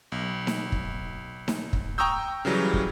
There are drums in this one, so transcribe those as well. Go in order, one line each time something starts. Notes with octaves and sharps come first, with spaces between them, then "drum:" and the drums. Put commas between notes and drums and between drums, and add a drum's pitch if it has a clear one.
B1
drum: snare D#4
drum: kick
drum: snare D#4
drum: kick
G5 A#5 C#6 D#6 E6 G6
C#3 E3 F#3 G3
drum: kick